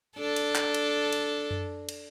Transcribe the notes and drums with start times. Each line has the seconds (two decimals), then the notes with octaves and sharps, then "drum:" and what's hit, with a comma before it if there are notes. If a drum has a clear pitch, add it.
0.17 D4 A4
0.36 drum: cymbal
0.55 drum: clap
0.74 drum: cymbal
1.12 drum: cymbal
1.51 drum: tom F#2
1.89 drum: cymbal